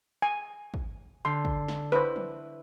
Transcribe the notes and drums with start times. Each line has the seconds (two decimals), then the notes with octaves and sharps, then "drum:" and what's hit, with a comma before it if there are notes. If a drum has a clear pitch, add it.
0.22 G#5
0.74 drum: kick
1.25 D3 C6
1.45 drum: kick
1.68 drum: snare
1.92 E4 B4 C5
2.16 drum: tom